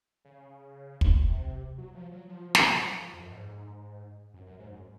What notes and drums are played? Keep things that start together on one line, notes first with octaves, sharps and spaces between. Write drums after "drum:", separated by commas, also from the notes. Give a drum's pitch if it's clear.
C#3
drum: kick
C3
F#3
F3
F#3
F3
drum: snare
F#3
F3
F2
F#2
G#2
F#2
F#2
G#2
F#2